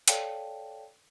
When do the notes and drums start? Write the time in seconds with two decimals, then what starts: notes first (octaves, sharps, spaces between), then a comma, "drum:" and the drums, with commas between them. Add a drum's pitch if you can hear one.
0.08 A4 C#5 D5 F5 G5 A5, drum: hi-hat